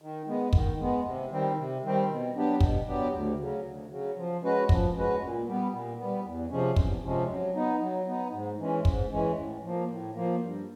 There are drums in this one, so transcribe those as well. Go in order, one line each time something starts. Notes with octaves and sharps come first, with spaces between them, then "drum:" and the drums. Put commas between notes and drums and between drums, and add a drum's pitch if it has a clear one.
D#3
G#3 B3
D#3, drum: kick
G#3 B3
C3
D#3 G3 C4
C3
D#3 G3 C4
B2
F#3 B3 D4 G4
B2, drum: kick
F#3 B3 D4 G4
D2
C#3 F#3
D2
C#3 F#3
F3
G#3 C#4 F#4 B4
F3, drum: kick
G#3 C#4 F#4 B4
A#2
G3 B3
A#2
G3 B3
E2
C3 F3 G#3 C#4
E2, drum: kick
C3 F3 G#3 C#4
F#3
B3 D#4
F#3
B3 D#4
G#2
E3 G#3 C#4
G#2, drum: kick
E3 G#3 C#4
A2
F3 A#3
A2
F3 A#3
G2